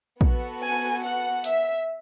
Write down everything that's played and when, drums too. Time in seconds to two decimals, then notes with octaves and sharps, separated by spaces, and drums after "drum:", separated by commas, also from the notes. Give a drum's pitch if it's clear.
0.21 B3 F#4 A4, drum: kick
0.63 G#5
1.03 F#5
1.44 E5, drum: hi-hat